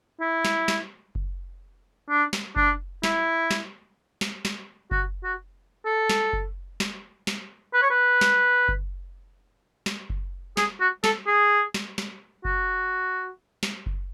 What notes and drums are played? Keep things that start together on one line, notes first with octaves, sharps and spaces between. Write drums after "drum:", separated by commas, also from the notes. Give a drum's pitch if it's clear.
E4
drum: snare
drum: snare
drum: kick F#1
D4
drum: snare
D4, drum: kick F#1
E4, drum: snare
drum: snare
drum: snare
drum: snare
F#4, drum: kick F#1
F#4
A4
drum: snare
drum: kick F#1
drum: snare
drum: snare
B4
C#5
B4
drum: snare
drum: kick F#1
drum: snare
drum: kick F#1
G#4, drum: snare
F#4
A4, drum: snare
G#4
drum: snare
drum: snare
F#4, drum: kick F#1
drum: snare
drum: kick F#1